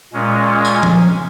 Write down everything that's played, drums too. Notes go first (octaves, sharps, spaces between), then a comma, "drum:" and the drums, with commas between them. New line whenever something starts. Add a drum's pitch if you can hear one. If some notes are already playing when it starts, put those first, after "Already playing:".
A#2 G#3 C#4
drum: tambourine
drum: tom F3